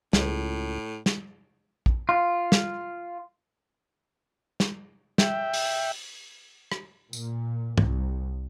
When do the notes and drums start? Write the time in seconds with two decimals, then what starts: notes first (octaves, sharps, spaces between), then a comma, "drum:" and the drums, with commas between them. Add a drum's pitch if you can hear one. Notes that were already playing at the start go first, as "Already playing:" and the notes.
0.13 C#2 A2, drum: snare
1.06 drum: snare
1.86 drum: kick
2.09 F4
2.52 drum: snare
4.60 drum: snare
5.18 E5 G5, drum: snare
5.53 drum: open hi-hat
6.72 drum: rim click
7.13 A#2, drum: tambourine
7.78 C2, drum: tom